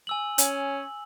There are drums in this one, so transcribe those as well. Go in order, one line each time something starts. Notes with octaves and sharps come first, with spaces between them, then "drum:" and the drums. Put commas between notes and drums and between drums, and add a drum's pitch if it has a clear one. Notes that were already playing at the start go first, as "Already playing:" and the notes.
G#5 E6 F#7
C#4, drum: hi-hat